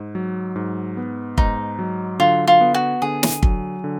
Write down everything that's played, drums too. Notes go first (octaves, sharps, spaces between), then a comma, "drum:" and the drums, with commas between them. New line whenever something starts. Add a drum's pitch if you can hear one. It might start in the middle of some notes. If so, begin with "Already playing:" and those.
Already playing: G#2
F#3
G#2
B3
G#2 D#4, drum: kick
F#3
D3 F4
F4
B3
F#4
D3 G#4
drum: snare
F#3, drum: kick
D3